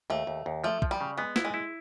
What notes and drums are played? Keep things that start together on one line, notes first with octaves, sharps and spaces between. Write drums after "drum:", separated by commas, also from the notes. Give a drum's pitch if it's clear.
D#2 A3
D#2
D#2
F3 A3
F3, drum: kick
G3
C#3
G#3 B3
E4, drum: snare
G#3
E4